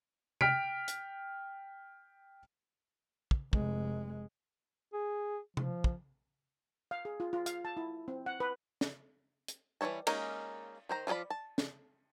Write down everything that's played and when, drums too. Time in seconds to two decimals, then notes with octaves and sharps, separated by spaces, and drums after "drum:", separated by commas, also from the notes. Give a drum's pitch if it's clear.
0.41 G5 F6 B6 D7, drum: tom C3
0.88 drum: hi-hat
3.31 drum: kick
3.53 F1 G#3, drum: kick
4.93 G#4
5.57 F3, drum: tom C3
5.84 drum: kick
6.91 F5
7.05 G#4
7.20 F4
7.33 F4
7.46 F5, drum: hi-hat
7.65 A5
7.77 E4
8.08 C4
8.26 F#5
8.40 B4
8.81 drum: snare
9.48 drum: hi-hat
9.81 E3 G3 E4 C#5 A5
10.07 G#3 A#3 C#4 D#4 A#4, drum: cymbal
10.89 D#3 C5 A#5
11.07 F3 F4 G#4 D5 B5
11.30 A5
11.58 drum: snare